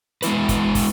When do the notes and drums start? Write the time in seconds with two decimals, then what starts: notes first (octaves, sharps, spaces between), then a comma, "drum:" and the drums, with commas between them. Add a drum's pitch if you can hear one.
0.22 G#3 B3 E4 B4, drum: hi-hat
0.49 drum: kick, hi-hat
0.75 drum: kick, open hi-hat